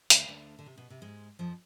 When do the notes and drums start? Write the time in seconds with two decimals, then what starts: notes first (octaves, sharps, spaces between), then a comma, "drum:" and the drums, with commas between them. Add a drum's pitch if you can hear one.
0.10 D2 D3, drum: hi-hat
0.29 D2 D3
0.59 D3
0.66 C3
0.77 B2
0.90 C3
1.02 G#2 G#3
1.39 F2 F3